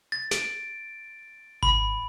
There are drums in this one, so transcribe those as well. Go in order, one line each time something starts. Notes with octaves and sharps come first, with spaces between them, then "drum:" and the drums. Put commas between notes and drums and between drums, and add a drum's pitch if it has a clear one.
A6
D7, drum: snare
B5, drum: kick G#1